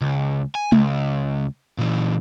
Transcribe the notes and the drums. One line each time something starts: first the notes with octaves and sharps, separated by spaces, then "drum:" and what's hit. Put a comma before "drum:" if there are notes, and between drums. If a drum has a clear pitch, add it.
C#2
G#5
C#2, drum: tom G#3
A#2 E3